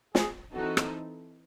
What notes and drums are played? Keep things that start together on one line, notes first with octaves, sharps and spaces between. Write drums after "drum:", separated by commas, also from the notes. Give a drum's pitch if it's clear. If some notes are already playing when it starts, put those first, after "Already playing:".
G#4, drum: snare
E3 C4 D#4 F#4 A4
drum: rim click